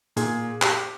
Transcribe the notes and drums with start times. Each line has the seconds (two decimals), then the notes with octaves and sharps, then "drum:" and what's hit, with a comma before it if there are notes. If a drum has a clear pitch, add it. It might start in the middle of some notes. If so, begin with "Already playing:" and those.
0.16 A#2 G#4, drum: hi-hat
0.62 G4, drum: clap